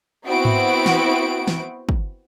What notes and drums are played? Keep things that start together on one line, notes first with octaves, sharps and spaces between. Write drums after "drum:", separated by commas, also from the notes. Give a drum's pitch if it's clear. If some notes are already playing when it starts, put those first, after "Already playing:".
B3 C4 E4 F#4 D7
drum: tom G#2
drum: snare
drum: snare
drum: kick